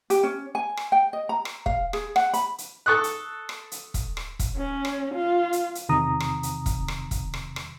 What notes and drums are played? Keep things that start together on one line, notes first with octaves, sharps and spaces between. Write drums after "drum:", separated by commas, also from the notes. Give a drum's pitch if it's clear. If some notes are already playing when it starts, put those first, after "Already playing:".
G4, drum: hi-hat
C#4
G#5
drum: rim click
G5
D#5
A#5
drum: rim click
F5, drum: kick E1
G#4, drum: rim click
F#5, drum: rim click
B5, drum: hi-hat
drum: hi-hat
A4 C#6 D#6 F#6
drum: hi-hat
drum: rim click
drum: hi-hat
drum: kick E1, hi-hat
drum: rim click
drum: kick E1, hi-hat
C#4
drum: rim click
F4
drum: hi-hat
drum: hi-hat
E2 C3 D#3 A#5 D#6
drum: rim click
drum: hi-hat
drum: kick E1, hi-hat
drum: rim click
drum: kick E1, hi-hat
drum: rim click
drum: rim click